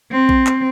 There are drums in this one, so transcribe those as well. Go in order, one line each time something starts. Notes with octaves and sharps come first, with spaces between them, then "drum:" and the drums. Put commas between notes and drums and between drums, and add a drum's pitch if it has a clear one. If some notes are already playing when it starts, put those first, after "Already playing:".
C4
drum: kick A#1
drum: clap